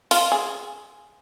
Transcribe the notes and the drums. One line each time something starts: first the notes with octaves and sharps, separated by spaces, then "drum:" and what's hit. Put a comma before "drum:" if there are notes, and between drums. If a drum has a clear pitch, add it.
F4, drum: open hi-hat
G#4